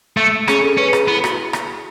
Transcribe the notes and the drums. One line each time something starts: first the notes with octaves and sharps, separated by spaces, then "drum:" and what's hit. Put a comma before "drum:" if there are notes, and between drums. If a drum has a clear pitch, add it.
A3
C#4 G#4, drum: rim click
A4
C#4 B4
G#4, drum: rim click
B3 E4
F#4, drum: rim click
drum: rim click